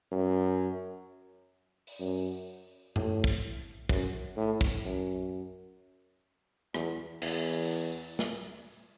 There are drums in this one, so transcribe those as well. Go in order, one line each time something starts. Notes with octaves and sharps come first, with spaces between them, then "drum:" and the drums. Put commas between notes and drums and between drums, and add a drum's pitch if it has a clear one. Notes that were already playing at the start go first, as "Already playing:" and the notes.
F#2
drum: open hi-hat
F#2
A2, drum: tom G2
drum: kick
F#2, drum: kick
A2
drum: kick
F#2, drum: tambourine
E2, drum: rim click
E2, drum: cymbal
drum: open hi-hat
drum: snare